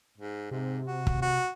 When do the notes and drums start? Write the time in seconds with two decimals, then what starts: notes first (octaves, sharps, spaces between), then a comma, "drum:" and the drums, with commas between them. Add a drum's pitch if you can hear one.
0.18 G#2
0.51 G#2 C3
0.87 F#4
1.07 drum: kick
1.22 F#4